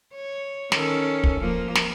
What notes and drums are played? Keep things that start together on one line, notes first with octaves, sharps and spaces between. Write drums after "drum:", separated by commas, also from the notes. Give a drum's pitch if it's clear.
C#5
D#3 C#4 A4, drum: snare
drum: kick
F3 A#3
drum: snare